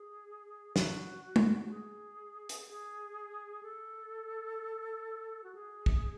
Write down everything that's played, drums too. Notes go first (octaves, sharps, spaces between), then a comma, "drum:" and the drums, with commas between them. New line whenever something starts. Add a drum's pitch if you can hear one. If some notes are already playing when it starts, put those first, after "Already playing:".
Already playing: G#4
F#4, drum: snare
drum: tom G#3
F#4
G#4
drum: hi-hat
G#4
A4
F#4
G#4
drum: kick